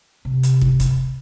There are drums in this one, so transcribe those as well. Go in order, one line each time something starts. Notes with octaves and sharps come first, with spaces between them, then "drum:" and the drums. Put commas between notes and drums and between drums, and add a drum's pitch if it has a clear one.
C3
drum: hi-hat
drum: kick
drum: kick, hi-hat